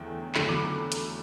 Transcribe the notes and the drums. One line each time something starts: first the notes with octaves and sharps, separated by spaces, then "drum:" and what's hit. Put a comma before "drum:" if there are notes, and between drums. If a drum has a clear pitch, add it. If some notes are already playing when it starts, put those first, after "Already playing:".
Already playing: E2 D3 F#3 A3 G5
E2 D3 F#3 A3 B5, drum: clap
D6
drum: hi-hat